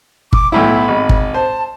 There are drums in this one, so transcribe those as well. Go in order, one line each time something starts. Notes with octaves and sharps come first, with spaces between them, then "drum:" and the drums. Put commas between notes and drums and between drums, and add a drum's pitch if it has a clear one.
D6, drum: kick
B1 A2 E4 B5
G#1
drum: kick
C5 A5